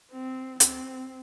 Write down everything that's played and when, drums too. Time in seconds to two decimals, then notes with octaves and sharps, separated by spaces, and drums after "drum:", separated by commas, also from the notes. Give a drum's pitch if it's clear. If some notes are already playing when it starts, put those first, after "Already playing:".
0.12 C4
0.60 C4, drum: hi-hat